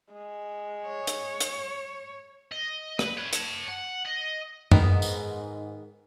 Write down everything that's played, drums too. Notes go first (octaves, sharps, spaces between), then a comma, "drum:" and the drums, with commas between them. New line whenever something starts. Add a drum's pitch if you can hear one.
G#3
C#5
drum: hi-hat
drum: hi-hat
D#5
B4, drum: rim click
B4 C#5
C#5 A5, drum: hi-hat
F#5
D#5
G#2 D#3 B3, drum: tom F#2
drum: tambourine